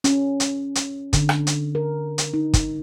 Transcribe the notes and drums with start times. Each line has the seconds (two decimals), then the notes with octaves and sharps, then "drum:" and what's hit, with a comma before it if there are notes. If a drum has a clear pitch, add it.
0.04 C#4, drum: hi-hat
0.40 drum: hi-hat
0.75 drum: hi-hat
1.13 D3, drum: kick, hi-hat
1.29 drum: rim click
1.47 drum: hi-hat
1.75 A#4
2.18 drum: hi-hat
2.34 D#4
2.54 drum: kick, hi-hat